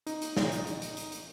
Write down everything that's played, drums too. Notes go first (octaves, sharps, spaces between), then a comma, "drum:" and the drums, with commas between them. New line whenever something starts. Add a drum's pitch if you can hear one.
D#4, drum: hi-hat
drum: hi-hat
drum: snare
drum: hi-hat
drum: hi-hat
drum: hi-hat
drum: hi-hat
drum: hi-hat